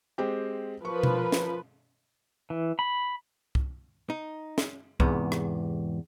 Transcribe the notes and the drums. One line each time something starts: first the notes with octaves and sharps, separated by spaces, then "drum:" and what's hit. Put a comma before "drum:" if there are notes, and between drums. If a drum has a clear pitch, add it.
G#3 C4 G4
F3 A#4 B4 C#6
drum: tom B2
drum: snare
E3
B5
drum: kick C2
D#4
drum: snare
E2 G#2 C3 B3, drum: kick C2
drum: rim click